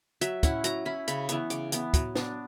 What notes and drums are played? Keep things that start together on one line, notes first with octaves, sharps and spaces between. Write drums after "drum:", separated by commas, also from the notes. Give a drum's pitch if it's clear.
F#3 E5, drum: hi-hat
C#4 E4 F#5, drum: kick, hi-hat
F#3 A#5, drum: hi-hat
C#4 E4 B5
C#3 B5, drum: hi-hat
E3 B3 C#6, drum: hi-hat
C#3 D6, drum: hi-hat
E3 B3, drum: hi-hat
F#3, drum: kick, hi-hat
B3 D4, drum: snare